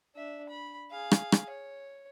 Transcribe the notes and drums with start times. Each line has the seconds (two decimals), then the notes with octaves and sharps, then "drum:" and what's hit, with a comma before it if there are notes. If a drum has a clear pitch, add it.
0.15 D4 E5
0.49 B5
0.91 G#4 F5
1.11 drum: rim click
1.32 drum: rim click
1.50 C#5